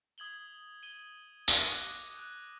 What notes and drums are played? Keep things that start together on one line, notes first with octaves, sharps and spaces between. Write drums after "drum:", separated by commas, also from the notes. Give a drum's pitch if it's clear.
D#6 G#6 F#7 G7
D#7 G7
drum: tambourine
D6 D#6 F#6 A#6 D#7
F#6